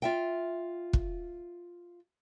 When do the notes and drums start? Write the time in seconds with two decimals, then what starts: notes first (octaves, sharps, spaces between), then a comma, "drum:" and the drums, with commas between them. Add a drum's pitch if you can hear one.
0.02 F4 E5 G5
0.93 drum: kick